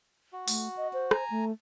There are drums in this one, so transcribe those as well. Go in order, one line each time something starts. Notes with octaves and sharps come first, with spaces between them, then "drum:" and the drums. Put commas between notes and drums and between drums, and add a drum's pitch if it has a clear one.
F#4
A3, drum: open hi-hat
D#5
C5
G#5 A#5, drum: rim click
A3